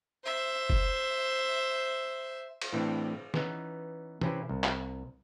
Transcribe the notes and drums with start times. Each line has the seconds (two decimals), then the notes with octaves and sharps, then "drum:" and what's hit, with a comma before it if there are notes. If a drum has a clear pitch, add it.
0.24 C5 E5
0.70 drum: kick
2.62 drum: cymbal
2.73 A2 E3 C4 D4 E4
3.34 E3 B3 C#4 D#4, drum: snare
4.21 C3 C4 C#4 E4 B4, drum: tom
4.49 C2
4.64 drum: clap